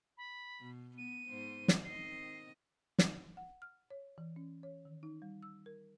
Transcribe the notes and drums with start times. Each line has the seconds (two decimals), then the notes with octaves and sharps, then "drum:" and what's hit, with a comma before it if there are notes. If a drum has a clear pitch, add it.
0.17 B5
0.61 B2
0.98 B3 D#7
1.28 G#2 B3 C5
1.68 drum: snare
1.85 D#3 C4 D#5 C7
2.99 drum: snare
3.37 F#5
3.62 F6
3.90 C#5
4.18 E3
4.36 C#4
4.63 C#5
4.85 D#3
5.03 D#4
5.22 G3
5.43 E6
5.66 A#4